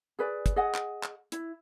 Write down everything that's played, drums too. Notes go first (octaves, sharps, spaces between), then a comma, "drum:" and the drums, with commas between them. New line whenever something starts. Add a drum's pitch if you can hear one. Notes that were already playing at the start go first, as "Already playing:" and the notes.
G#4 B4 D5
drum: kick, hi-hat
G#4 D#5 F#5
drum: clap
drum: clap
E4, drum: hi-hat